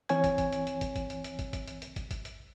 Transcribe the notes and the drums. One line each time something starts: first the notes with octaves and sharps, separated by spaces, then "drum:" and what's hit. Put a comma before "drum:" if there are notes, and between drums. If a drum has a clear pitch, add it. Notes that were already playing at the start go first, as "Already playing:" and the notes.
E3 C4 C#5 G#5 G#6, drum: hi-hat
drum: kick, hi-hat
drum: kick, hi-hat
drum: hi-hat
drum: hi-hat
drum: kick, hi-hat
drum: kick, hi-hat
drum: hi-hat
drum: hi-hat
drum: kick, hi-hat
drum: kick, hi-hat
drum: hi-hat
drum: hi-hat
drum: kick, hi-hat
drum: kick, hi-hat
drum: hi-hat